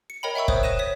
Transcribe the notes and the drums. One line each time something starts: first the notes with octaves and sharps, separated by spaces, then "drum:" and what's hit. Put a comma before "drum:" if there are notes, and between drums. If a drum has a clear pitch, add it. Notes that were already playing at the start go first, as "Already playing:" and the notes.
C#7
A#4 C#5 D#5 G5 A#5 B5
E5 F#5 G5 C#6 E6
C5 C#5 D#6 F#6, drum: kick
D#6 F#6 A#6 D#7 E7
C#5 B6